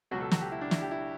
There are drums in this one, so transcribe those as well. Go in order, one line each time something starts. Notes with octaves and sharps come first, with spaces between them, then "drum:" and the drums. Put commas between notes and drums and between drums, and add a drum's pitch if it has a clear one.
C#2 B2 F#3 F#4
A4
F#4, drum: snare
G4
E4
D4
E4, drum: snare
G4
E4